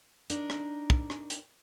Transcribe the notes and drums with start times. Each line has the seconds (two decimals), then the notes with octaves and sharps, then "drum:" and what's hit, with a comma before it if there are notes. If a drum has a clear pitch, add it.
0.30 D4 D#4 A#4, drum: hi-hat
0.50 drum: rim click
0.90 drum: kick
1.10 drum: rim click
1.30 drum: hi-hat